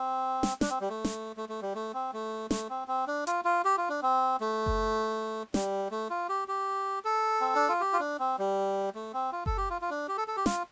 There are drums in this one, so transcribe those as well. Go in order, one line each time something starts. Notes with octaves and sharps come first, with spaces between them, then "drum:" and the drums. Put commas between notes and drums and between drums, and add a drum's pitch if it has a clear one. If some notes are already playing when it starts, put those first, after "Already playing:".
Already playing: C4
drum: snare
D4, drum: snare
C4
G3
A3
drum: snare
A3
A3
G3
A3
C4
A3
A3, drum: snare
C4
C4
D4
F4, drum: hi-hat
F4
G4
F4
D4
C4
A3
drum: kick F#1
G3, drum: snare
A3
F4
G4
G4
A4
C4
D4
F4
G4
F4
D4
C4
G3
A3
C4
F4
A4, drum: kick F#1
G4
F4
F4
D4
G4
A4
A4
G4
F4, drum: snare